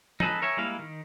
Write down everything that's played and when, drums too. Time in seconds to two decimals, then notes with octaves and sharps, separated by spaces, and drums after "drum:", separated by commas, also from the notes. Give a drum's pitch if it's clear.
0.20 D#4 G#4 A4 B4, drum: tom F3
0.42 A#4 C#5 E5 G#5
0.57 G3 G#3 A#3 E4 F5
0.79 D#3